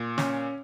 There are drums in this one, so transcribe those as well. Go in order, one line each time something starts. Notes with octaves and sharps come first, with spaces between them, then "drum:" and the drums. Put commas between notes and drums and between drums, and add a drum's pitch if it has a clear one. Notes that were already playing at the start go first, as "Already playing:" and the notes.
Already playing: A#2
C#4, drum: snare